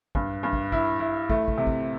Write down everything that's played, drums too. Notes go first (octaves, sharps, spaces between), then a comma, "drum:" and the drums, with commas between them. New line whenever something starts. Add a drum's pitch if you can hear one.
G2, drum: kick
G2
drum: kick
E4, drum: kick
E4
A3, drum: kick
drum: kick
C3
drum: kick